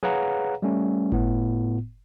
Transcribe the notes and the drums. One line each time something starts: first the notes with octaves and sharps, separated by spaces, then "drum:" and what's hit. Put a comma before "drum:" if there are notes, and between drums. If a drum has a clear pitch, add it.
G#4 B4 C#5 F5 F#5 A#5, drum: tom
G3 A3 C#4
A2 B3, drum: kick G1